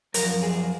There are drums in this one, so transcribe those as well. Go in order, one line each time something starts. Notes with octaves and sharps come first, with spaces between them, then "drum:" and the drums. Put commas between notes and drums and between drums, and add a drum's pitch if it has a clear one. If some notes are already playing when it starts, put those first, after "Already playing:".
F#2 F3 A#4, drum: hi-hat
G#4